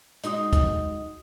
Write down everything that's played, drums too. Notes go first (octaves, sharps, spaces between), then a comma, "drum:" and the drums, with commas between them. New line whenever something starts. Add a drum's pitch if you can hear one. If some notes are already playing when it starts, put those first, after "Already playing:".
G#3 D#4 F#4 D#5 D#6, drum: hi-hat
drum: kick, hi-hat